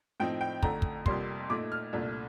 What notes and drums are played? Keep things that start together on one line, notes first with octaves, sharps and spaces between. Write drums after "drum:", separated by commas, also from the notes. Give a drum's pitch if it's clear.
A2 F3 C4 D#4 G5
G5
F2 D3 A3 A#5, drum: kick
drum: kick
F2 C3 G3 A#3 C6, drum: kick
A#2 A3 D#4 D6
F6
C2 A#2 A3 D4